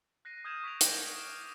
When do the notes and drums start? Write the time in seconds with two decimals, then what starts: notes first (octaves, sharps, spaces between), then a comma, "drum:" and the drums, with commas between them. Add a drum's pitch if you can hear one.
0.25 F#6 A#6 C7 D#7
0.45 D#6 F6 G6 G#6 D#7 E7
0.63 C#6 B6 D7 F7
0.81 C#6 D6 D7, drum: hi-hat
0.98 D#6 A#6 F7
1.15 F6 E7 F7